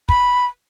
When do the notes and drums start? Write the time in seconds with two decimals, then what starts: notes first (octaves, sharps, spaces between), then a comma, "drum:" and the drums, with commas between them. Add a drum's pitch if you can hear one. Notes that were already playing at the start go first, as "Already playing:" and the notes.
0.09 B5, drum: kick